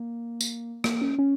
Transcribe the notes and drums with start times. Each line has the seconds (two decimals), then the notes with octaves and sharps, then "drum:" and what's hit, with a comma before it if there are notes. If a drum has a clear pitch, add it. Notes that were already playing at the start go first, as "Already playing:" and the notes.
Already playing: A#3
0.41 drum: tambourine
0.84 A#3, drum: rim click
1.01 C#4
1.19 C#4